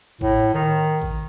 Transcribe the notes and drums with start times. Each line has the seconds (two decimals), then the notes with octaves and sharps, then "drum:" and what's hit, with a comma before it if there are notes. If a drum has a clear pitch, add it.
0.21 A2, drum: kick A1
0.54 D#3
1.02 drum: kick A1